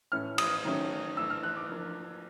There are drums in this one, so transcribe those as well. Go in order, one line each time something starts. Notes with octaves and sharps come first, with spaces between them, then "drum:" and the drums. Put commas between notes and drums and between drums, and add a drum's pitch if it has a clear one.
A2 E3 A3 C#4 F6
D#6, drum: cymbal
D#3 F#3 A3 C#4
E3 A3 D4 E6
F6
F#6
D6
F3 A#3 D4